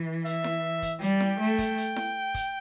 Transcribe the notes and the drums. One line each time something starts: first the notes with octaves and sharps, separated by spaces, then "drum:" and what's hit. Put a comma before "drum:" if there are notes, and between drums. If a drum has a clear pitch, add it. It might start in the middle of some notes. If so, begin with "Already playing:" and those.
Already playing: E3
E5, drum: hi-hat
drum: snare E4
drum: kick, hi-hat
G3 G5, drum: hi-hat
drum: snare E4
A3
drum: kick, hi-hat
drum: hi-hat
drum: snare E4
drum: kick, hi-hat